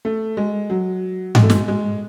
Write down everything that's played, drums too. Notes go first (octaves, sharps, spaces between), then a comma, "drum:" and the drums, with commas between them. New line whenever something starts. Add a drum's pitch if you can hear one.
A3
G#3
F#3
G#3, drum: tom G#2
A3
G#3, drum: snare
G#3